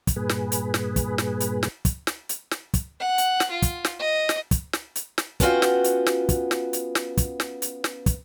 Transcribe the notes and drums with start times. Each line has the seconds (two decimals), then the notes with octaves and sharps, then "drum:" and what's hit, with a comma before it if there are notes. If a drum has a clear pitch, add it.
0.07 drum: kick, hi-hat
0.16 G2 A#2 G#4 B4
0.29 drum: snare
0.52 drum: hi-hat
0.74 drum: snare
0.96 drum: kick, hi-hat
1.18 drum: snare
1.40 drum: hi-hat
1.63 drum: snare
1.85 drum: kick, hi-hat
2.07 drum: snare
2.29 drum: hi-hat
2.51 drum: snare
2.74 drum: kick, hi-hat
3.00 F#5
3.18 drum: hi-hat
3.40 drum: snare
3.51 F4
3.62 drum: kick, hi-hat
3.85 drum: snare
3.99 D#5
4.29 drum: snare
4.51 drum: kick, hi-hat
4.73 drum: snare
4.96 drum: hi-hat
5.18 drum: snare
5.40 B3 C#4 F4 F#4 G5, drum: kick, hi-hat
5.62 drum: snare
5.84 drum: hi-hat
6.06 drum: snare
6.29 drum: kick, hi-hat
6.51 drum: snare
6.73 drum: hi-hat
6.95 drum: snare
7.17 drum: kick, hi-hat
7.40 drum: snare
7.62 drum: hi-hat
7.84 drum: snare
8.06 drum: kick, hi-hat